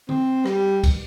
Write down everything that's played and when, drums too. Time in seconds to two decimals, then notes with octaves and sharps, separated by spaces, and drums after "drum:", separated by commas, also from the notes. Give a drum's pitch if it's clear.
0.09 C4, drum: tom D3
0.46 G3, drum: rim click
0.84 drum: kick, cymbal